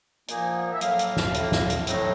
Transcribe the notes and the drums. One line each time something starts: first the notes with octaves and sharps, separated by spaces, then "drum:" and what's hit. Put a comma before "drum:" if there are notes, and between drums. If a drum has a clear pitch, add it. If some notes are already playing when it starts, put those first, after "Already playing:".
A#2 F3 A#3 D#4 G#5, drum: hi-hat
F#5
E5
A2 F#3 A#3 F5, drum: hi-hat
drum: hi-hat
drum: snare
A2 F#3 A#3, drum: hi-hat
drum: snare
drum: hi-hat
A2 F#3 A3 C4 D#4 E5, drum: hi-hat